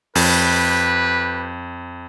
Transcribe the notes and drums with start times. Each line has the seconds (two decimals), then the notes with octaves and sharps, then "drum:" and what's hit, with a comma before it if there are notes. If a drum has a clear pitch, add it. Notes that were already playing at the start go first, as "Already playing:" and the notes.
0.15 F2 G4 B4, drum: open hi-hat